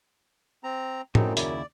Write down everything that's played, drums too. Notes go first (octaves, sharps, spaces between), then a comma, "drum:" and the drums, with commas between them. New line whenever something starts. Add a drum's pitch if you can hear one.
C4 A#5
F#2 A2 C4 D#4, drum: tom
D#2 C#3 E4 D5, drum: hi-hat